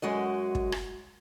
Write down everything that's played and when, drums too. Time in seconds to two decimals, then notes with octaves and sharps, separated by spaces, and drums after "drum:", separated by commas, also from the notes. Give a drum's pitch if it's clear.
0.02 F#2 G#3 F#4 D#5
0.55 drum: kick
0.72 drum: rim click